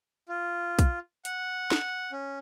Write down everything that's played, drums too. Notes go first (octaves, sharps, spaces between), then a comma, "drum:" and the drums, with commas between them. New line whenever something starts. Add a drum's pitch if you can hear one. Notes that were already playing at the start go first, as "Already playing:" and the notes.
F4
drum: kick, hi-hat
F#5, drum: hi-hat
drum: snare
C#4